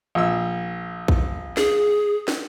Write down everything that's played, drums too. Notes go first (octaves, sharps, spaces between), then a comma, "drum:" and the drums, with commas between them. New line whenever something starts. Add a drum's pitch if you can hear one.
A#1 E6
drum: kick A#1
G#4, drum: snare
drum: snare